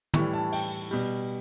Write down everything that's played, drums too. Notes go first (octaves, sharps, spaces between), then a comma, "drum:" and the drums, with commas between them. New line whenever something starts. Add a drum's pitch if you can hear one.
A2 E3 G3 C#6, drum: tom
A5
G5, drum: open hi-hat
B2 G3